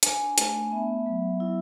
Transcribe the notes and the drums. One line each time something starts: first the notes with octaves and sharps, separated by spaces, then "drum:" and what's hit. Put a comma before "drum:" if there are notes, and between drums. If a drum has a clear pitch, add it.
D4 G#5, drum: hi-hat
A3, drum: hi-hat
B3 E5
F#3
E4